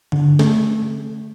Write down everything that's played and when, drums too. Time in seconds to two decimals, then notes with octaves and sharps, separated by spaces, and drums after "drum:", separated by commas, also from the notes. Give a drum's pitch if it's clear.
0.12 D3, drum: tom G2
0.39 A3, drum: snare